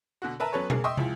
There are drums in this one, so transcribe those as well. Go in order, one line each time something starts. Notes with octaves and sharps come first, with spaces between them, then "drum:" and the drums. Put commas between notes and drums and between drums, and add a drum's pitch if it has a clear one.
B2 D3 F#4
A#4 B4 E5 A5 A#5
F#3 B3 C#4 A4 B4 C#5
C#3 A#3 G#4, drum: tom B2
D#5 E5 G5 C6 C#6 D#6
C#2 F3 E4 G5, drum: tom